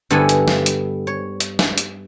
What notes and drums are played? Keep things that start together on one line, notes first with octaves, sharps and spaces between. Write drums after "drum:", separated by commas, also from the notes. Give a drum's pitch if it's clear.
G2 D3 B3 E4 A4 G#5
drum: hi-hat
drum: snare
drum: hi-hat
C#5
drum: hi-hat
drum: snare
drum: hi-hat